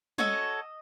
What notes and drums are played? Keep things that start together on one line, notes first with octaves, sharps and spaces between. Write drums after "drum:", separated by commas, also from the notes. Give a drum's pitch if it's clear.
C#4 F#4 A4 D#5, drum: tom G3